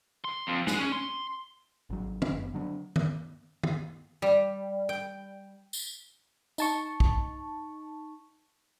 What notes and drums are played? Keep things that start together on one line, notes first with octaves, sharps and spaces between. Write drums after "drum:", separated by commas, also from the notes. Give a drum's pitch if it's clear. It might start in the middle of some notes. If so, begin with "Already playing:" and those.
C6
F2
G#3, drum: snare
C#4
C6
G#1 F#3
drum: tom
F#1 B3
D3 F#3 D4
drum: tom
drum: tom
G3
G5
drum: tambourine
D#4 A5 C#6, drum: tambourine
drum: kick